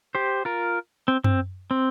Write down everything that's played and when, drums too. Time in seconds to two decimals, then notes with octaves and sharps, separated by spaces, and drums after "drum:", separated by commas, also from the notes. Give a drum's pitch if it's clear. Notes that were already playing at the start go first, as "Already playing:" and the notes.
0.15 G4 C5
0.45 F4 A#4
1.08 C4
1.24 C4, drum: tom F#2
1.71 C4